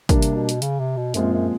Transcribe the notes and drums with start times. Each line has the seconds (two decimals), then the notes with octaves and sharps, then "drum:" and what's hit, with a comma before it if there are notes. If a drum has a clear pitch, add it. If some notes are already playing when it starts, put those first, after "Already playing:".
0.09 C3 G3 A#3 D4, drum: kick, hi-hat
0.22 drum: hi-hat
0.35 B2
0.49 drum: hi-hat
0.62 C#3, drum: hi-hat
0.80 C3
0.97 B2
1.14 F#2 A#2 F3 G#3 C4 F4, drum: hi-hat
1.32 F#2